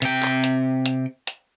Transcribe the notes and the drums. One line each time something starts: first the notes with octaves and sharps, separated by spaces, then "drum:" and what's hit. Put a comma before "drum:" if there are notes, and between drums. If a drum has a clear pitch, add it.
C3 G5, drum: hi-hat
drum: clap
drum: hi-hat
drum: hi-hat
drum: hi-hat